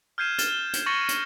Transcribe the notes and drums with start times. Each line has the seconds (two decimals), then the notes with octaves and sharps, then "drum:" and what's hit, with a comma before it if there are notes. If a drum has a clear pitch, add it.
0.18 F6 G6 G#6 C7 D#7 E7
0.38 F6 A6 E7 G7, drum: hi-hat
0.73 drum: hi-hat
0.86 C#6 A6 A#6 C#7 D#7 F#7
1.09 drum: hi-hat